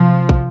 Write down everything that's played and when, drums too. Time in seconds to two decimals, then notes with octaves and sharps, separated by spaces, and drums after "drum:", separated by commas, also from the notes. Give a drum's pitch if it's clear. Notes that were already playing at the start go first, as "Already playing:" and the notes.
Already playing: C3 F3
0.29 drum: kick